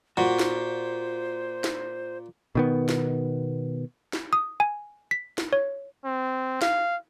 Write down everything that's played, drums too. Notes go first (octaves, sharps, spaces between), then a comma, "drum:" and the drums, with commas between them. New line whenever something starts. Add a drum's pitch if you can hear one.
A#2 F#4 C5
drum: snare
drum: snare
B2 D#3 B3
drum: snare
drum: snare
D#6
G#5
B6
drum: snare
C#5
C4
F5, drum: snare